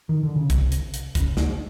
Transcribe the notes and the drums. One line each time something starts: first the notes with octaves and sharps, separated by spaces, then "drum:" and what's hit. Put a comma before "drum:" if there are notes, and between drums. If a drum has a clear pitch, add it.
D#3
D3
C#3
C2 C3, drum: kick, hi-hat
drum: hi-hat
drum: hi-hat
C#2 C#3, drum: kick, hi-hat
D2 D3, drum: snare